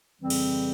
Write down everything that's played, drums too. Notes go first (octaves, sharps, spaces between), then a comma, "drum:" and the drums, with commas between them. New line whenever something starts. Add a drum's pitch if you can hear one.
F2 C#3 E3 G3 C4
drum: cymbal